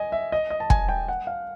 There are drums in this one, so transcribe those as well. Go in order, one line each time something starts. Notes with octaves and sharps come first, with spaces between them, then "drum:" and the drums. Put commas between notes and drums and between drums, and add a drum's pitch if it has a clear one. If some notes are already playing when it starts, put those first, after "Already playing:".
Already playing: D#5 G#5
E5
D#5
D#5
A5
G#5, drum: kick
G5
F#5
F5